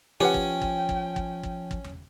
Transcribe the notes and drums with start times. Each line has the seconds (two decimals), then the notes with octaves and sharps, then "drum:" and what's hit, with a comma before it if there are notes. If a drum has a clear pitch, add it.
0.21 F3 C#4 G4 B4 F#5 G5
0.34 drum: kick
0.62 drum: kick
0.89 drum: kick
1.16 drum: kick
1.43 drum: kick
1.71 drum: kick
1.84 drum: tom E2